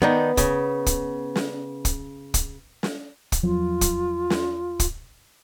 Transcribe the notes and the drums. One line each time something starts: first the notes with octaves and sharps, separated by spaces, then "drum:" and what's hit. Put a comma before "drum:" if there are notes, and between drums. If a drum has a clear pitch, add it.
D#3 B3 D4 D#4
C#3, drum: kick, hi-hat
drum: kick, hi-hat
drum: snare
drum: kick, hi-hat
drum: kick, hi-hat
drum: snare
drum: kick, hi-hat
E2 F3 F#3 F4
drum: kick, hi-hat
drum: snare
drum: kick, hi-hat